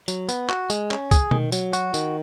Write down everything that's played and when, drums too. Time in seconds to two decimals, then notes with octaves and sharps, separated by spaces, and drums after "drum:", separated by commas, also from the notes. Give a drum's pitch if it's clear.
0.08 F#3, drum: tambourine
0.29 B3, drum: tambourine
0.49 F#4, drum: clap
0.70 G#3, drum: tambourine
0.91 C#4, drum: clap
1.11 G#4, drum: kick, tambourine
1.31 D#3, drum: tom B2
1.52 F#3, drum: tambourine
1.73 F#4, drum: tambourine
1.94 D#3, drum: tambourine